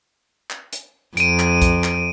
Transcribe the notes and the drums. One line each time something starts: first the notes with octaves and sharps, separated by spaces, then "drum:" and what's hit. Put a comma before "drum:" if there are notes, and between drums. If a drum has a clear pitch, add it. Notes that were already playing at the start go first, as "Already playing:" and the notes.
drum: clap
drum: hi-hat
F2 D7 D#7, drum: hi-hat
drum: clap
drum: kick B1, hi-hat
drum: clap